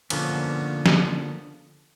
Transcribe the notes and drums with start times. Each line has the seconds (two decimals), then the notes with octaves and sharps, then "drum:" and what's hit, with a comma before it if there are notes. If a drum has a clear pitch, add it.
0.10 D3 F3 A#3 B3 C#4, drum: cymbal
0.86 drum: snare